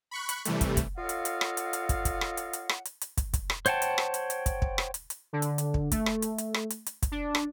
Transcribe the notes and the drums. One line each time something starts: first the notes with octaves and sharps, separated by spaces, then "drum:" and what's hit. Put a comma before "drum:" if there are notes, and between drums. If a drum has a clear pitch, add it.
B5 C#6 F#6
drum: hi-hat
C3 E3 G3 A3, drum: hi-hat
drum: kick, hi-hat
drum: kick, hi-hat
F4 A4 C#5 D#5 F5 F#5
drum: hi-hat
drum: hi-hat
drum: rim click
drum: hi-hat
drum: hi-hat
drum: kick, hi-hat
drum: kick, hi-hat
drum: rim click
drum: hi-hat
drum: hi-hat
drum: rim click
drum: hi-hat
drum: hi-hat
drum: kick, hi-hat
drum: kick, hi-hat
drum: rim click
C5 C#5 F#5 G5 A5, drum: hi-hat
drum: hi-hat
drum: rim click
drum: hi-hat
drum: hi-hat
drum: kick, hi-hat
drum: kick
drum: rim click
drum: hi-hat
drum: hi-hat
D3
drum: hi-hat
drum: hi-hat
drum: kick
A3, drum: kick, hi-hat
drum: rim click
drum: hi-hat
drum: hi-hat
drum: rim click
drum: hi-hat
drum: hi-hat
drum: kick, hi-hat
D4
drum: rim click